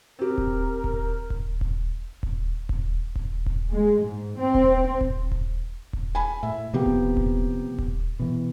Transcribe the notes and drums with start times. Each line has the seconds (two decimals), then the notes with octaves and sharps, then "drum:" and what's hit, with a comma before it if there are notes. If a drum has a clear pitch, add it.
0.19 C4 G4 A#4
0.38 drum: kick D#1
0.84 drum: kick D#1
1.30 drum: kick D#1
1.61 drum: kick D#1
2.23 drum: kick D#1
2.69 drum: kick D#1
3.16 drum: kick D#1
3.46 drum: kick D#1
3.73 G#3
4.04 G#2
4.39 C4
4.55 drum: kick D#1
5.01 drum: kick D#1
5.32 drum: kick D#1
5.93 drum: kick D#1
6.15 G#5 B5
6.43 A2 E5
6.73 C3 F3 A#3 B3 G4
6.86 drum: kick D#1
7.17 drum: kick D#1
7.79 drum: kick D#1
8.20 B2 E3